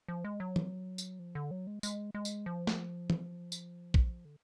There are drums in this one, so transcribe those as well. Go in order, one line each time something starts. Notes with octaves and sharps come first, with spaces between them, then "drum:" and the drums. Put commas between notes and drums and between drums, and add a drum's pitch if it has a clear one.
F3
G#3
F#3
drum: tom E3
drum: tambourine
F3
D3
F#3
G#3
G#3, drum: tambourine
G#3
drum: tambourine
F3
drum: snare
drum: tom E3
drum: tambourine
drum: kick
D3